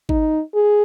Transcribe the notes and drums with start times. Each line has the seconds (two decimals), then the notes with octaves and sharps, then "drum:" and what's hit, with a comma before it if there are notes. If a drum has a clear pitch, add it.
0.09 D#4, drum: kick G#1
0.54 G#4